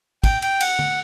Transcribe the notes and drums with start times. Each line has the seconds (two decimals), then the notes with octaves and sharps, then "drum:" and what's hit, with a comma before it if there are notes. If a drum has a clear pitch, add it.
0.24 G5, drum: kick, cymbal
0.42 G5, drum: cymbal
0.60 F#5, drum: cymbal
0.79 drum: tom D3